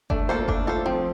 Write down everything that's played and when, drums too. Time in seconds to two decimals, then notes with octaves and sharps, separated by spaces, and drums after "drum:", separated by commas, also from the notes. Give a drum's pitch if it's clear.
0.10 A3 D4, drum: kick F#1
0.29 A#3 F4 A4 C5
0.48 A3 D4, drum: kick F#1
0.67 F4 A4 C5
0.86 F3 C4